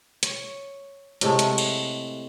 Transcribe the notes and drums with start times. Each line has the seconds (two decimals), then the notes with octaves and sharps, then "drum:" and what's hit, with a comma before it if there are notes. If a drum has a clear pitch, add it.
0.23 C#5, drum: hi-hat
1.21 A2 C3 G#3 A3, drum: hi-hat
1.39 drum: hi-hat
1.58 drum: cymbal